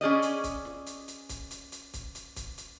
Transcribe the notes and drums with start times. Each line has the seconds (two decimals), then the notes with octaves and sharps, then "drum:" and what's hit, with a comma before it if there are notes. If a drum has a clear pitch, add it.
0.01 C#4 G#4 D5 D#5
0.22 drum: hi-hat
0.44 drum: kick, hi-hat
0.65 drum: snare
0.87 drum: hi-hat
1.08 drum: hi-hat
1.29 drum: kick, hi-hat
1.51 drum: hi-hat
1.72 drum: hi-hat
1.94 drum: kick, hi-hat
2.15 drum: hi-hat
2.36 drum: kick, hi-hat
2.58 drum: hi-hat